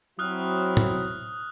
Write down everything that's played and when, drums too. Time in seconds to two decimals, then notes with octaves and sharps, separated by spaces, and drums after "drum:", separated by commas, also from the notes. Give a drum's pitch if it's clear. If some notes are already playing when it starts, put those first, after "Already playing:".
0.19 F#3 C4 E4 D#6 F6 F#6
0.77 drum: tom A2